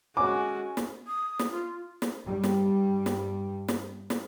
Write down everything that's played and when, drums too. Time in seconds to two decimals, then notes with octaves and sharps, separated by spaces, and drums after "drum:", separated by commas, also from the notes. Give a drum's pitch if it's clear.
0.17 G#3 C#4 F#4 D6
0.77 drum: snare
1.07 D#6
1.39 drum: snare
1.51 F4
2.02 drum: snare
2.23 G2 G3
2.44 drum: snare
3.06 drum: snare
3.68 drum: snare
4.10 drum: snare